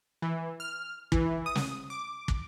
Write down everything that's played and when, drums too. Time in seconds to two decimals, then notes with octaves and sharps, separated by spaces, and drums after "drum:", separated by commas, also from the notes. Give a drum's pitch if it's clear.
0.22 E3
0.60 F6
1.12 E3, drum: kick
1.46 D#6
1.55 drum: snare
1.90 D6
2.28 drum: kick